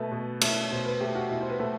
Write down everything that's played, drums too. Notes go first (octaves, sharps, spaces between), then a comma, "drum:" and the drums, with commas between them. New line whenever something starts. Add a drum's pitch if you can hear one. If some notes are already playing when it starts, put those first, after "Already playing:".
Already playing: B2 A3 B4
B2
A3, drum: cymbal
B2 C5
B4
A3 G4
F#4
B2 E4
C5
B4
A3